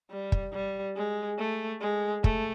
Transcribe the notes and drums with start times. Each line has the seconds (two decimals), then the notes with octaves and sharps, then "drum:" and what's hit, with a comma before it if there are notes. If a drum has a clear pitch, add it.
0.11 G3
0.32 drum: kick
0.53 G3
0.96 G#3
1.39 A3
1.81 G#3
2.24 A3, drum: kick